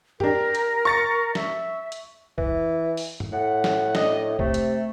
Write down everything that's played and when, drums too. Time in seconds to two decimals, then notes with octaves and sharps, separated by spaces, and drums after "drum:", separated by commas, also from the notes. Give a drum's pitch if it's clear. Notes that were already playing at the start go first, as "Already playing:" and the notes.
0.20 D4 G4 A#4, drum: tom G2
0.55 drum: hi-hat
0.85 C#6 A6 C#7
1.35 E5, drum: snare
1.92 drum: hi-hat
2.38 E3, drum: kick B1
2.97 drum: open hi-hat
3.20 drum: tom G2
3.32 A2 F#5
3.64 drum: snare
3.95 D4 D5 D#5, drum: snare
4.39 C3 A3, drum: kick B1
4.54 drum: hi-hat